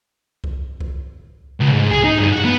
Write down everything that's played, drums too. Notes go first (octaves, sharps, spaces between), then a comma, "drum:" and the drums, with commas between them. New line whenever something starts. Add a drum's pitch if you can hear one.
drum: kick C2
drum: kick C2
C#2
G#2
G#4, drum: kick C2
D#4
G2
F#4
B3